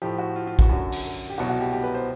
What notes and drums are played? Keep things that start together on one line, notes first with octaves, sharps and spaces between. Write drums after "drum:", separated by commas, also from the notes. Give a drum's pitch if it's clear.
A2 F3 G4
F#4
F4
F4
F#4, drum: kick
F#2 D3 F#3
drum: open hi-hat
G4
C2 B2 F#3 F#4
F#4
G4
G4
B4
C5